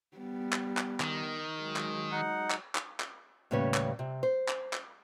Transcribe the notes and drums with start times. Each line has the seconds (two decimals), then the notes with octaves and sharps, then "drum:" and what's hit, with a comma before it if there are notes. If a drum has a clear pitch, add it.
0.17 G3 B3
0.52 drum: clap
0.77 drum: clap
1.00 D#3, drum: clap
1.59 F#3 G#3
1.76 drum: clap
2.12 D#4 F#5
2.50 drum: clap
2.75 drum: clap
3.00 drum: clap
3.51 D#2 A2 C#3 G3 B4 C#5
3.74 drum: clap
3.99 C3
4.23 C5
4.48 drum: clap
4.73 drum: clap